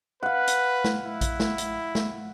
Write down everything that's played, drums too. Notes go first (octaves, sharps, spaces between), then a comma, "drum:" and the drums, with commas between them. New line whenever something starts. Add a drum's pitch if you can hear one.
B4 F5 F#5
drum: hi-hat
drum: snare
E4
drum: kick A#1, hi-hat
drum: snare
drum: hi-hat
drum: snare